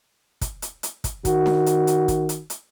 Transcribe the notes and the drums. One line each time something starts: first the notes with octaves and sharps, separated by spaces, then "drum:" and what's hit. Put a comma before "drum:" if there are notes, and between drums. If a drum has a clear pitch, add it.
drum: kick, hi-hat
drum: hi-hat
drum: hi-hat
drum: kick, hi-hat
D#3 F#4, drum: kick, hi-hat
drum: snare D4
drum: hi-hat
drum: hi-hat
drum: kick, hi-hat
drum: hi-hat
drum: hi-hat